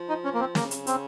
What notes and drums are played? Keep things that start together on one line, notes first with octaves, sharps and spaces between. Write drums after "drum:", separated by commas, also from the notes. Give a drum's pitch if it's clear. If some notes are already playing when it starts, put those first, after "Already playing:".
Already playing: F3
D#4
C#4
A#3
C4
C#3 A#3, drum: snare
drum: hi-hat
C4, drum: hi-hat